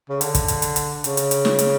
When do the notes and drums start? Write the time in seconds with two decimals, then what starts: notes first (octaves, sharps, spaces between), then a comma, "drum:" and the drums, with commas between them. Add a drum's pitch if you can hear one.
0.09 C#3
0.21 D3, drum: hi-hat
0.35 drum: kick, hi-hat
0.48 drum: hi-hat
0.62 drum: hi-hat
0.76 drum: hi-hat
1.04 C#3, drum: hi-hat
1.17 drum: hi-hat
1.31 drum: hi-hat
1.45 drum: snare
1.59 drum: hi-hat